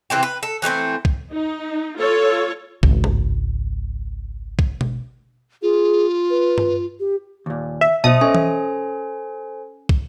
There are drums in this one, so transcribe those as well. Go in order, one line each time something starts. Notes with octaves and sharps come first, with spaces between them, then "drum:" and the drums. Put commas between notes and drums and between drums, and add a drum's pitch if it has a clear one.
C3 E3 C4 G4
B4
A4
E3 G#3 A3 C4
drum: kick
D#4
F4 A4 C#5
G#1 C#2, drum: kick
drum: tom G2
drum: kick
drum: tom B2
F4 G#4
B4
drum: tom G2
G4
D#2 A#2
E5
B1 C5 D#5 E5 A5 D#6
C#4 A4 C5 D#5 G#5
drum: tom E3
drum: kick